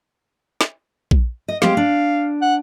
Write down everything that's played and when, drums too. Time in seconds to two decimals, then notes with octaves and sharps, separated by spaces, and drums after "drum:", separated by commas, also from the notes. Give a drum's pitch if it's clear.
0.61 drum: snare
1.11 drum: kick A#1
1.48 D#5
1.62 G#3 C4 G4 F5, drum: snare
1.77 D4
2.42 F#5